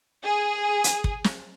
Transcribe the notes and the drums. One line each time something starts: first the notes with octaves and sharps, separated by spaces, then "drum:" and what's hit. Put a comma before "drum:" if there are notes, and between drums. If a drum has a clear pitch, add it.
G#4
drum: hi-hat
drum: kick
drum: snare